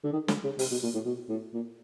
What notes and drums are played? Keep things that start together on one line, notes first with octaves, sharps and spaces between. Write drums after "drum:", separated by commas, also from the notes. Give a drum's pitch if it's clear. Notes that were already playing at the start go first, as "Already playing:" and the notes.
D3
D#3
D3, drum: snare
C#3
C3, drum: open hi-hat
B2
A#2
A2
B2
A2
A#2